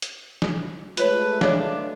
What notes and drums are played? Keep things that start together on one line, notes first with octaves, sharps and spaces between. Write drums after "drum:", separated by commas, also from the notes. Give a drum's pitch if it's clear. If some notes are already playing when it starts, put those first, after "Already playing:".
drum: hi-hat
drum: snare
G#3 A3 F4 B4 C#5, drum: hi-hat
D4 C#5 D#5 F5, drum: snare